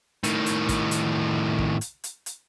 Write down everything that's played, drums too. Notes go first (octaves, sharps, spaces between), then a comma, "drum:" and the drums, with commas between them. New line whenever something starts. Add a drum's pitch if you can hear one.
A2 D#3, drum: hi-hat
drum: hi-hat
drum: kick, hi-hat
drum: hi-hat
drum: kick
drum: hi-hat
drum: hi-hat
drum: hi-hat